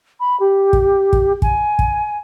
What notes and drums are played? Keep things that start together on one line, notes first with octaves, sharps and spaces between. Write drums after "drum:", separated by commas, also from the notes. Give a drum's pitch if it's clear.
B5
G4
drum: kick
drum: kick
G#5, drum: kick
drum: kick